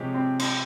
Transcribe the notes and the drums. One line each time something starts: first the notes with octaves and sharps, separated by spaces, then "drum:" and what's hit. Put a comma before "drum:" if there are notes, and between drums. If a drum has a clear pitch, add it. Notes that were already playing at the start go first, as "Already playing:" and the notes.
Already playing: C3 F3 G#3 C#4 G4
C4
C4, drum: cymbal